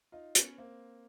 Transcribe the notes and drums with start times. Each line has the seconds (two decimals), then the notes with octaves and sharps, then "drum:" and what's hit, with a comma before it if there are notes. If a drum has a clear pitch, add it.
0.12 D#4 F4
0.35 B3 C#4, drum: hi-hat
0.58 A#3 C4